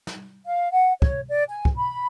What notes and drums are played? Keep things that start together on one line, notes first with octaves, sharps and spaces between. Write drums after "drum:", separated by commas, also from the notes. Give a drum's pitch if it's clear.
drum: snare
F5
F#5
C#5, drum: kick
D5
G#5
drum: kick
B5